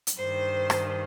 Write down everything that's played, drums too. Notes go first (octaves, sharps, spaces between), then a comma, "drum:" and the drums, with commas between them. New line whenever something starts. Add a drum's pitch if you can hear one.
drum: hi-hat
G2 D#3 C5
drum: rim click